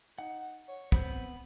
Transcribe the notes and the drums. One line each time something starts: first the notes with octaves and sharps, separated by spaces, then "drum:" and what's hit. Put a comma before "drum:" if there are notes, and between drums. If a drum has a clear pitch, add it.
D#4 F#5
C#5
B3 C4 B5 G6, drum: kick